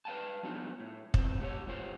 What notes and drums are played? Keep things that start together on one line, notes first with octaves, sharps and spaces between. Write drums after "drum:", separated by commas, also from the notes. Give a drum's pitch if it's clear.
B4 F5 G5 A5
F3 F#3 B3 D4 D#4 F4
A2
E2 C4, drum: kick
A3 G4 C5 C#5
E2 B2 F4 G4 C5